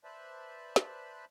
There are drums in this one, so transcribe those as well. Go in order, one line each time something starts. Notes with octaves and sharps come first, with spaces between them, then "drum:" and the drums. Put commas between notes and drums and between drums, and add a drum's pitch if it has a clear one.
B4 C5 D5 E5 A5 B5
drum: snare